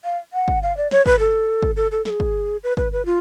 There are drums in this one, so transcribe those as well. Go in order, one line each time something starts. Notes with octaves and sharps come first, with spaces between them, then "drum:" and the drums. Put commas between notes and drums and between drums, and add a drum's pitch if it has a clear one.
F5
F#5
drum: kick
F5
D5
C#5, drum: snare
B4, drum: kick
A4
drum: kick
A4
A4
A4, drum: snare
G#4
drum: kick
B4
B4, drum: kick
B4
F4